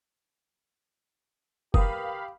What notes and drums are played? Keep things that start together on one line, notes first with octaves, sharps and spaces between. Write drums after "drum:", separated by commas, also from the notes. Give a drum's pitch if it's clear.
G4 A#4 B4 F5 B5 D#6, drum: kick F#1